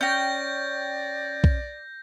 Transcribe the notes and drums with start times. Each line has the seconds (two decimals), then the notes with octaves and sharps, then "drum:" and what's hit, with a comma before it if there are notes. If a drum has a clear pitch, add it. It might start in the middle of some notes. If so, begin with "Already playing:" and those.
0.01 C#4 D5 G5 G6 A#6
1.44 drum: kick B1